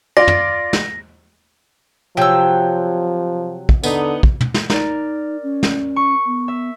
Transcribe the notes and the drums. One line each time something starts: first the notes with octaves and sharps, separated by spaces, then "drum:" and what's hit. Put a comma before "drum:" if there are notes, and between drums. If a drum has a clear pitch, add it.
F4 D5 A#6
drum: tom
drum: snare
C3 F3 F#3 G5 E6
drum: kick
D3 B3 D#4, drum: tambourine
drum: kick
drum: tom
drum: snare
D#4 A#4 D5, drum: snare
C#4
drum: snare
C#6
B3
E5